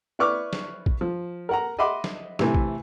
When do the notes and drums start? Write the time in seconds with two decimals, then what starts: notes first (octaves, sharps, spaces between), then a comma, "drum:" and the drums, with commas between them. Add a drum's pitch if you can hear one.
0.19 E4 B4 D5 C#6 D6 F6
0.53 drum: snare
0.86 drum: kick A#1
1.01 F3
1.49 A#4 F#5 A#5
1.79 D#5 E5 F#5 B5 C6 D6
2.04 drum: snare
2.39 C3 E3 A3, drum: snare
2.55 drum: kick A#1